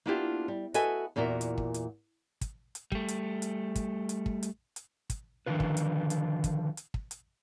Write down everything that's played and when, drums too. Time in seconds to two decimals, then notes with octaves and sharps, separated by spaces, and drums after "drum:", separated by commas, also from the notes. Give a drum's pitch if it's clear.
0.06 A#3 B3 D4 E4 F4 G4
0.48 G3
0.74 F#4 A4 B4 D#5 E5 G#5, drum: hi-hat
1.16 E2 A#2 F#4 A#4 E5
1.41 drum: hi-hat
1.58 drum: kick
1.74 drum: hi-hat
2.41 drum: kick, hi-hat
2.75 drum: hi-hat
2.92 G3 A3, drum: kick
3.08 drum: hi-hat
3.42 drum: hi-hat
3.75 drum: kick, hi-hat
4.09 drum: hi-hat
4.26 drum: kick
4.43 drum: hi-hat
4.76 drum: hi-hat
5.10 drum: kick, hi-hat
5.46 D3 D#3 F3 F4 B4
5.60 drum: kick
5.77 drum: hi-hat
6.10 drum: hi-hat
6.44 drum: kick, hi-hat
6.77 drum: hi-hat
6.94 drum: kick
7.11 drum: hi-hat